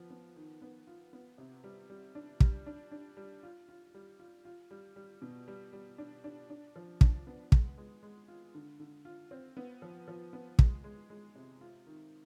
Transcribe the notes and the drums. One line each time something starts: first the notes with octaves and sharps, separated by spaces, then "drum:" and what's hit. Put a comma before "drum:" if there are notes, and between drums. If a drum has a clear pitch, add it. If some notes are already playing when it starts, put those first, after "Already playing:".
Already playing: F3 B3
B3
D#3
B3
F4
B3
C3
G3
G3
D4
G3, drum: kick
D4
D4
G3
F4
F4
G3
F4
F4
G3
G3
B2
G3
G3
D4
D4
D4
F3
D4, drum: kick
B3
G#3, drum: kick
G#3
G#3
F4
D3
D3
F4
C4
B3
F3
F3
B3
G#3, drum: kick
G#3
G#3
C3
F4
D#3